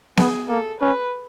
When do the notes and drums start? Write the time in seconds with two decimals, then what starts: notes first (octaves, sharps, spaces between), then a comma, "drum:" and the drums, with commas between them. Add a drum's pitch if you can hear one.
0.17 B3 G#4, drum: snare B3
0.49 A#3 A4
0.81 C#4 B4